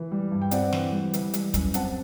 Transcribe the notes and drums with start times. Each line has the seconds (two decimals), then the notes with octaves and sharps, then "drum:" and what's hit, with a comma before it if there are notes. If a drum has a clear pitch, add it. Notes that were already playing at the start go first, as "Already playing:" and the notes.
Already playing: E3
0.12 G3
0.32 G2
0.42 G5
0.51 C4 D5 F#5, drum: hi-hat
0.73 E3, drum: snare
0.92 G3
1.14 E3, drum: hi-hat
1.34 G3, drum: hi-hat
1.54 F#2, drum: kick, hi-hat
1.74 C4 F#5 A5, drum: hi-hat